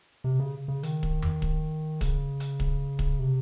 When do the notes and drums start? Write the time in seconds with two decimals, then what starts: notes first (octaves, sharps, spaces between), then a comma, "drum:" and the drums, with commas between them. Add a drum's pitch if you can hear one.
0.24 C3
0.40 C#3
0.68 C#3
0.83 D#3, drum: hi-hat
1.03 drum: kick
1.22 drum: tom E2
1.42 drum: kick
2.01 C#3, drum: kick, hi-hat
2.40 drum: hi-hat
2.60 drum: kick
2.99 drum: kick
3.19 C3